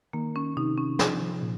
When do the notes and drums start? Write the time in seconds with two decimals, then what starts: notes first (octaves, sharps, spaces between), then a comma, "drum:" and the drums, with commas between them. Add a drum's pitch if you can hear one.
0.13 D#3 A#3
0.36 C#4
0.57 C3 D#4
0.77 C#4
0.99 F3, drum: snare
1.42 A#2